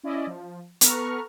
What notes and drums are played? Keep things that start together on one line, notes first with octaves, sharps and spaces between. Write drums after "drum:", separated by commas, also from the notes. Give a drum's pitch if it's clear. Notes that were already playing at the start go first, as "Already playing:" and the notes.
C#4 E4 D5 D#5
F3
B3 A4 B4 A#5 C#6 F6, drum: hi-hat